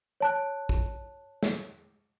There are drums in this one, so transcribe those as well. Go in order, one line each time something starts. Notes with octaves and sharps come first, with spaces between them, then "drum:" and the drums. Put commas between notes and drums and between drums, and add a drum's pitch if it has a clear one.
C#5 A5 F#6
drum: kick A#1
drum: snare